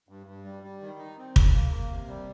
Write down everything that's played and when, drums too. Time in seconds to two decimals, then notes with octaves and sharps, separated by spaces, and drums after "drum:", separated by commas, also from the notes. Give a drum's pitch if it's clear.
0.09 G2
0.27 G2
0.44 G3
0.63 G3
0.82 D#3
0.99 D#4
1.18 C4
1.36 C#3, drum: kick
1.54 A#3
1.72 A#3
1.90 C3
2.08 G3